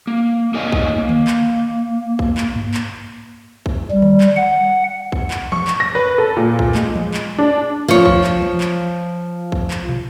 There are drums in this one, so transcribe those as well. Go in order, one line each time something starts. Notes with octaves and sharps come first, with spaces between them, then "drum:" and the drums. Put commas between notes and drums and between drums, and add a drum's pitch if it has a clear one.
A#3
A#3 D#4 A#4 C#5 D#5 G#5
drum: kick
A#3
drum: tom D3
drum: clap
drum: kick
drum: clap
drum: tom G2
drum: clap
drum: kick
G3
drum: tom D3
drum: clap
F#5
drum: kick
drum: clap
C#6, drum: tom E3
drum: clap
A#6
B4
A4
A#2
drum: kick
G#3, drum: clap
drum: tom E3
drum: clap
D4
F3 C#5
drum: kick
drum: clap
drum: tom E3
drum: clap
drum: kick
drum: clap
drum: tom